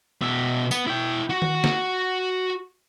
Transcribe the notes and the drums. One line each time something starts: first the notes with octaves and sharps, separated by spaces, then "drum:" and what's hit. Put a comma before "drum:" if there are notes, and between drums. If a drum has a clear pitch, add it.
B2 E5
B3, drum: tambourine
E4 G5
F#4
drum: tom D#3
drum: snare